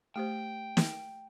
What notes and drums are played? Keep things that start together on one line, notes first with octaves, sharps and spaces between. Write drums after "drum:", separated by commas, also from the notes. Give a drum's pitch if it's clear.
A3 G4 C5 G5
drum: snare